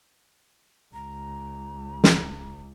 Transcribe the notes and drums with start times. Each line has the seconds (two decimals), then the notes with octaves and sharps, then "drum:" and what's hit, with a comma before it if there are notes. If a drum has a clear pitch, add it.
0.93 C#2 A#5
2.04 drum: snare